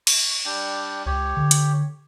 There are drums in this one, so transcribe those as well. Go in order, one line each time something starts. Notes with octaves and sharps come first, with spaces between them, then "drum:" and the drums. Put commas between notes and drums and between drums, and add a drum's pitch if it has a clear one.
C#6, drum: cymbal
G3 D4 G5
C#2 G4 C#5
D3
drum: hi-hat